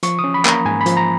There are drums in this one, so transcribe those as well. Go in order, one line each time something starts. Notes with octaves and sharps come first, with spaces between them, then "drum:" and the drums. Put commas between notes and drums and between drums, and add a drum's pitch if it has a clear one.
F3 C#6, drum: hi-hat
D#6
C#4
B5
A#3 A#5, drum: clap
G#2 G#5
B5
F3, drum: hi-hat
A#5